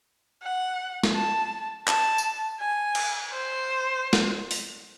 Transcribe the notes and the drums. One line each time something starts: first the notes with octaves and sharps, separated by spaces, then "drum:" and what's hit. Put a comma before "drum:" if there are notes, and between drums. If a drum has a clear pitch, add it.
F#5
drum: snare
A5
A5, drum: clap
drum: tambourine
G#5
drum: cymbal
C5
drum: snare
drum: open hi-hat